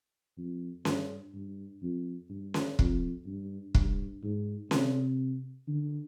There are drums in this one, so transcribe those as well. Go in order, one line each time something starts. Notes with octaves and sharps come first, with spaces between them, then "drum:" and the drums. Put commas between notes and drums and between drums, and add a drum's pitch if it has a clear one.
F2
G2, drum: snare C#4
G2
F2
G2
drum: snare C#4
F2, drum: kick
G2
G2, drum: kick
G#2
C3, drum: snare C#4
D3